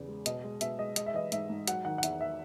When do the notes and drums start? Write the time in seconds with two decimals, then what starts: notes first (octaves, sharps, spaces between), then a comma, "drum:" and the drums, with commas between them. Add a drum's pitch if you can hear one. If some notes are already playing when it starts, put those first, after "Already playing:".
Already playing: E2 C#3
0.08 G#3
0.26 B2 D#5, drum: hi-hat
0.44 G#3
0.61 B2 E5, drum: hi-hat
0.79 G#3 D#5
0.96 G#3 D#5, drum: hi-hat
1.06 E5
1.14 E3 D#5
1.32 G#2 E5, drum: hi-hat
1.50 G#2
1.67 F#3 F#5, drum: hi-hat
1.85 D#3 F#5
1.98 F#5
2.03 E2 E5, drum: hi-hat
2.21 E5